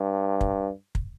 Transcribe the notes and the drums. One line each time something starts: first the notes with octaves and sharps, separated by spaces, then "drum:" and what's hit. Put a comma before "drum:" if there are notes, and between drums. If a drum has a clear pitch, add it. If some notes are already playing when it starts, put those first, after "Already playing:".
Already playing: G2
drum: kick
drum: kick